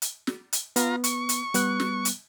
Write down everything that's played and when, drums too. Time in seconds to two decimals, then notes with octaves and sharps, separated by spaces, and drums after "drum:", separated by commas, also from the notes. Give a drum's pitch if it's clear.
0.02 drum: hi-hat
0.27 drum: snare
0.53 drum: hi-hat
0.76 B3 F4 A#5, drum: hi-hat
1.04 C#6, drum: hi-hat
1.29 drum: hi-hat
1.54 G3 B3 F#6, drum: hi-hat
1.80 drum: snare
2.05 drum: hi-hat